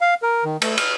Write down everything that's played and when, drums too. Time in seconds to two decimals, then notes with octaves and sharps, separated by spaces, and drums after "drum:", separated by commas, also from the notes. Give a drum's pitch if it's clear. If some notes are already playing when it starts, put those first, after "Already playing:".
0.01 F5
0.23 A#4
0.45 D#3
0.62 A3, drum: cymbal
0.78 F6, drum: cymbal